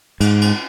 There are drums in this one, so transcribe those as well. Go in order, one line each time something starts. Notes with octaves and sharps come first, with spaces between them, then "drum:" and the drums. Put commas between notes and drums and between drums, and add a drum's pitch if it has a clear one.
G#2, drum: cymbal
drum: cymbal